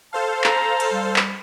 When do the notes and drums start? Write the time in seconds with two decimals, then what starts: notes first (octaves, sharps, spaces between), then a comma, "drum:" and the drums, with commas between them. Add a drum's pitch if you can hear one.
0.13 A4 C5 F5 A5
0.44 A#5, drum: clap
0.80 drum: cymbal
0.92 G3
1.16 drum: clap